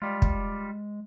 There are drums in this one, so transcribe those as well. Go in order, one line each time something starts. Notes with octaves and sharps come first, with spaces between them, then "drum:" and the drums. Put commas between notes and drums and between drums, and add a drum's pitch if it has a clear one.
G3 G#3 F4
drum: kick